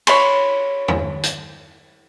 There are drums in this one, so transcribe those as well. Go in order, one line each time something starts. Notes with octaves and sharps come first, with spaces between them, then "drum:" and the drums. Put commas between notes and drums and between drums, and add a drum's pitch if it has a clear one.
C#5 B5 C6, drum: cymbal
drum: tom
drum: hi-hat